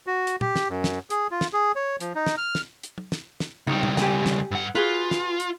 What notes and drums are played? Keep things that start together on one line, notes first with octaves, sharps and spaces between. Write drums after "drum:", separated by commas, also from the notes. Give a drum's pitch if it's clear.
F#4
drum: hi-hat
G4, drum: tom
drum: snare
F#2
drum: snare
G#4, drum: hi-hat
F4
drum: snare
G#4
C#5
F3, drum: hi-hat
D#4
drum: snare
F6
drum: snare
drum: hi-hat
drum: tom
drum: snare
drum: snare
C#2 G3 D#4
drum: tom
G4 G#5, drum: snare
drum: snare
G2 F#5
F4 F#4 G#4 B4
drum: snare
drum: hi-hat